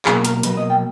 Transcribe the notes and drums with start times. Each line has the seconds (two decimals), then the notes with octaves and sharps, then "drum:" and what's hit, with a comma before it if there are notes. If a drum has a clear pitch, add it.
0.05 B2 F#3 A#3 G#4, drum: clap
0.25 A#4, drum: hi-hat
0.43 B2 F#3 A#3 B4, drum: hi-hat
0.57 D#5
0.70 G5